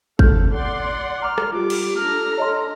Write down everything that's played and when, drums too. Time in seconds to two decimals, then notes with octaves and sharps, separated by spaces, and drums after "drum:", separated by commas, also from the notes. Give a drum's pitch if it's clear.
0.19 A4 F6 G6, drum: kick
0.54 D5 F#5 C6
1.22 A#5 D6 F6
1.38 drum: rim click
1.52 G3 F4 G4 D6
1.70 drum: cymbal
1.97 D4 A4 A#5 F6
2.38 C#5 D#5 C6